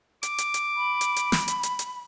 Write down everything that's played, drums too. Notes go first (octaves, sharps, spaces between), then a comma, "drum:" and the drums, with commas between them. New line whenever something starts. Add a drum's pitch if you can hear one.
D6, drum: hi-hat
drum: hi-hat
drum: hi-hat
B5
drum: hi-hat
drum: hi-hat
drum: snare
drum: hi-hat
drum: hi-hat
drum: hi-hat